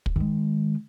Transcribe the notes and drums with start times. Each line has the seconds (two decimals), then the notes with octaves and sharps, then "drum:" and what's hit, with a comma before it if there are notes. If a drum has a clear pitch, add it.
0.06 drum: kick
0.16 D#3 G#3